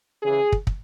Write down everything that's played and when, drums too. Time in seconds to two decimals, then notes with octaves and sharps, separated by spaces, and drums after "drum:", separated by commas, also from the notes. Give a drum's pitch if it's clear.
0.23 C#3 E3 G#4
0.52 drum: kick
0.67 drum: kick